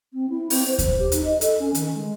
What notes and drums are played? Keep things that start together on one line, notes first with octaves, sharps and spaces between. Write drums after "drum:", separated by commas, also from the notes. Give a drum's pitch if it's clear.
C4
E4
C4, drum: open hi-hat
C5
drum: kick D#2, hi-hat
G4
D#4, drum: hi-hat
D#5
A4, drum: hi-hat
C#4
D#3, drum: hi-hat
G#3